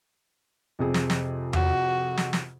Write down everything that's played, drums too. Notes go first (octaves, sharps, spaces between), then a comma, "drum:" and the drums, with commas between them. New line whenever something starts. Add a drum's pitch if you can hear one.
F2 C3 G#4
drum: snare
drum: snare
F#4, drum: tom E2
drum: snare
drum: snare